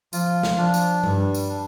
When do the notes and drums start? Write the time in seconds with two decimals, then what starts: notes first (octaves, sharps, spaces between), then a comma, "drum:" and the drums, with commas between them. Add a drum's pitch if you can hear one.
0.13 F3 F4, drum: tambourine
0.43 drum: snare
0.58 F3 D4
0.74 drum: tambourine
1.04 G2 G3, drum: tom
1.35 drum: tambourine
1.49 D4